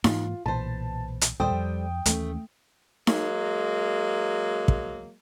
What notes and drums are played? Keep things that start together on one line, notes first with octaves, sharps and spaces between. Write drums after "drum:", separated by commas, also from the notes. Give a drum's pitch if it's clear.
G#2 E3 A#3 F4, drum: snare D#4
B1 A#2 E3 B4 C5 A5
drum: hi-hat
D#2 A#2 G3 A4 C5 G5 D#6
F2
D#2 E3 A3 C#4, drum: hi-hat
F#3 G#3 A#3, drum: snare D#4
drum: kick